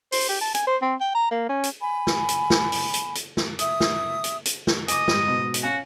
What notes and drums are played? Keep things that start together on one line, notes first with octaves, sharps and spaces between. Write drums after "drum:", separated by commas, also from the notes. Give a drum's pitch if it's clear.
C5, drum: open hi-hat
G4
A5
G#5, drum: hi-hat
C5
C4
G5
A#5
A#3
C#4
drum: hi-hat
G#5 B5
drum: snare
drum: hi-hat
drum: snare
drum: open hi-hat
drum: hi-hat
drum: hi-hat
drum: snare
E5 D#6, drum: hi-hat
drum: snare
drum: hi-hat
drum: hi-hat
drum: snare
D#5 G#5 D6, drum: hi-hat
G#2 G3, drum: snare
G#2 B2
drum: hi-hat
C#4 F#4 F5 G#5